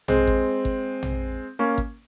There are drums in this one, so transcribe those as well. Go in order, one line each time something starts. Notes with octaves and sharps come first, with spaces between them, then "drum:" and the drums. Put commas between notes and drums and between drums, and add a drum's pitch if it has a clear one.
G#3 C4, drum: tom
drum: kick G#1
drum: kick G#1
drum: tom
A#3 C#4
drum: kick G#1